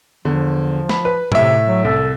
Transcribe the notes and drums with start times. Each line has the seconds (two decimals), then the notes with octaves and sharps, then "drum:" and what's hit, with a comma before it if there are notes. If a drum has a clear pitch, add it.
0.25 E2 D3 F3
0.89 B5, drum: snare
1.05 B4
1.32 A2 C3 E5, drum: tom A2
1.67 F#3
1.85 C2 A4